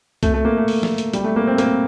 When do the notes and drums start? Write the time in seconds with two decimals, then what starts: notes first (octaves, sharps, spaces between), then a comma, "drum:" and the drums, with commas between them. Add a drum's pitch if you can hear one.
0.23 A3, drum: kick C2, hi-hat
0.34 A3
0.45 A#3
0.57 A3
0.68 drum: open hi-hat
0.83 drum: snare
0.98 drum: hi-hat
1.13 G3, drum: hi-hat
1.24 A3
1.36 A#3
1.47 C4
1.58 A#3, drum: hi-hat